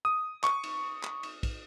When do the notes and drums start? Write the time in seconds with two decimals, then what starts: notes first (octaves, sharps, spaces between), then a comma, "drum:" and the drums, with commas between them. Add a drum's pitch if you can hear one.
0.05 D#6
0.44 C#6, drum: clap
0.63 drum: cymbal
1.03 drum: clap
1.23 drum: cymbal
1.43 drum: kick, cymbal